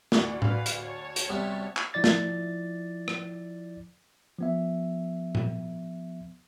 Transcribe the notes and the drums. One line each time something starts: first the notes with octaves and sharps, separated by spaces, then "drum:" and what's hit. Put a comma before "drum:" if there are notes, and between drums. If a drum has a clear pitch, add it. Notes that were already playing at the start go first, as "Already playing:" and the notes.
D2 D5 C#6, drum: snare
B4 F5, drum: tom A2
drum: hi-hat
C#5 A5
drum: hi-hat
C3 G3 B3
drum: clap
F3 E4 D5 A6
drum: snare
drum: rim click
F3 B3 E5
drum: tom A#2